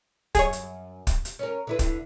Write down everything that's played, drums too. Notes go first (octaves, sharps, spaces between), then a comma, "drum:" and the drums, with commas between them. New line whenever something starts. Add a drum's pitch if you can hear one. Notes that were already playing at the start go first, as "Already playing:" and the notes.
F#2 G#4 C#5, drum: kick, hi-hat
drum: hi-hat
drum: kick, hi-hat
drum: hi-hat
C#4 A#4
D3 E4 B4
drum: kick, hi-hat